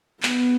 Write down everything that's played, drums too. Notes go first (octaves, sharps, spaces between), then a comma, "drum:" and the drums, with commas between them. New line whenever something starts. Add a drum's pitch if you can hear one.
B3, drum: clap